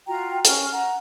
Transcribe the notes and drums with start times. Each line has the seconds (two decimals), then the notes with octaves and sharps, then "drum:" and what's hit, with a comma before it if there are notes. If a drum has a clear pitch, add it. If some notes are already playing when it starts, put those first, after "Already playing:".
0.07 F4 F#4 G5 A#5
0.45 C#4 F6, drum: hi-hat
0.72 F#5 A#5